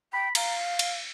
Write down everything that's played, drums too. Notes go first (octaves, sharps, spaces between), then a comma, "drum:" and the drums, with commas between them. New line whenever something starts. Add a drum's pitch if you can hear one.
G5 B5
F5 A#5, drum: cymbal
drum: cymbal